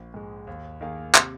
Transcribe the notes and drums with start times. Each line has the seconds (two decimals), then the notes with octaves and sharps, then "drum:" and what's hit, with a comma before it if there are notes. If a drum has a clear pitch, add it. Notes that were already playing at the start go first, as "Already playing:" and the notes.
Already playing: A#1
0.14 G#2 G#3
0.47 D#2
0.81 D#3 A#3 G#4 F5
1.15 C3, drum: clap